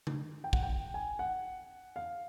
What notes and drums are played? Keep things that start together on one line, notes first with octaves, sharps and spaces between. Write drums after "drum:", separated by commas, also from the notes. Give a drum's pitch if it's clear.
drum: tom C#3
G5
F#5, drum: kick
G5
G#5
F#5
F5